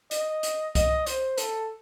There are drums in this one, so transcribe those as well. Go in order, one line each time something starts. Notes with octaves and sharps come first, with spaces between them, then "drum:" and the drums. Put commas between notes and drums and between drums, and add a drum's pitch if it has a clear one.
D#5, drum: hi-hat
drum: hi-hat
D#5, drum: kick C2, hi-hat
C5, drum: hi-hat
A4, drum: hi-hat